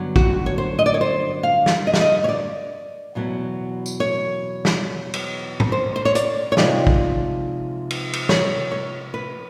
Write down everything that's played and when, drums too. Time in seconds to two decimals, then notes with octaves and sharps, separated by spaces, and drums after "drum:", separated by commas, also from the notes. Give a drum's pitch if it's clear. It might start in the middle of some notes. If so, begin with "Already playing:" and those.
Already playing: G2 D3 F#3 B3
0.16 F#4, drum: kick
0.46 C#5
0.58 C5
0.79 D#5
0.86 D5
0.94 C#5
1.01 C5
1.43 F5
1.66 drum: snare
1.87 D#5
1.94 E5, drum: snare
2.01 D#5
2.24 C#5
2.29 D5
3.15 E2 B2 F#3 B3
3.86 drum: tambourine
4.00 C#5
4.65 drum: snare
5.14 drum: cymbal
5.60 drum: tom
5.72 C5
5.96 C5
6.05 C#5
6.15 D5, drum: hi-hat
6.52 C#5
6.57 C3 F3 G#3 C4 D#4 D5, drum: snare
6.87 drum: kick
7.90 drum: cymbal
8.13 drum: cymbal
8.29 C#5, drum: snare
8.71 C#5
9.14 B4